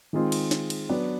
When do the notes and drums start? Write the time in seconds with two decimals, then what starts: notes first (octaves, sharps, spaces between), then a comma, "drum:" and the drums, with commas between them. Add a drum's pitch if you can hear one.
0.13 D#3 G#3 C4 F4 G#4
0.32 drum: cymbal
0.51 drum: snare
0.70 drum: cymbal
0.89 F#3 B3 D4